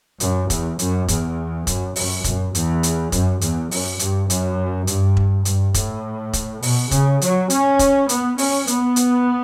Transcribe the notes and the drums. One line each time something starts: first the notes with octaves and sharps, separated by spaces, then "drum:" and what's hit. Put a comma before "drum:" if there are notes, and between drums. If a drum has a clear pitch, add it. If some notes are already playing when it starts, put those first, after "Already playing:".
F#2, drum: hi-hat
E2, drum: kick E1, hi-hat
F#2, drum: hi-hat
E2, drum: kick E1, hi-hat
F#2, drum: kick E1, hi-hat
F#2, drum: open hi-hat
F#2, drum: kick E1, hi-hat
E2, drum: hi-hat
drum: hi-hat
F#2, drum: kick E1, hi-hat
E2, drum: hi-hat
F#2, drum: open hi-hat
G2, drum: hi-hat
F#2, drum: hi-hat
G2, drum: hi-hat
drum: kick E1
G2, drum: hi-hat
A2, drum: kick E1, hi-hat
drum: kick E1, hi-hat
B2, drum: open hi-hat
C#3, drum: kick E1, hi-hat
F#3, drum: hi-hat
C#4, drum: hi-hat
drum: kick E1, hi-hat
B3, drum: hi-hat
C#4, drum: open hi-hat
B3, drum: hi-hat
drum: hi-hat